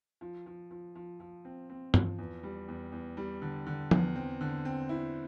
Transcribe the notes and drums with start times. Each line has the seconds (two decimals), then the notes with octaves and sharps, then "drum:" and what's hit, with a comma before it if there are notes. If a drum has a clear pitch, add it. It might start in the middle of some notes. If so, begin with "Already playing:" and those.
0.21 F3
0.46 F3
0.71 F3
0.95 F3
1.20 F3
1.45 C4
1.70 C4
1.94 F3, drum: tom
2.18 E2
2.43 G3
2.68 E2
2.92 E2
3.17 G3
3.42 D3
3.67 D3
3.91 E2, drum: tom
4.16 C4
4.41 D3
4.65 C4
4.89 E4